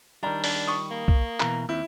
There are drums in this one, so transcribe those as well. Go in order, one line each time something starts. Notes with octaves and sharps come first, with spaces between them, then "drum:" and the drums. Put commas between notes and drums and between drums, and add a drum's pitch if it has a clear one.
D#3 G3 D4 A#5
D4, drum: open hi-hat
C#6 D#6
A#3
drum: kick
B2 E3 A#5, drum: clap
D#2 C4 E4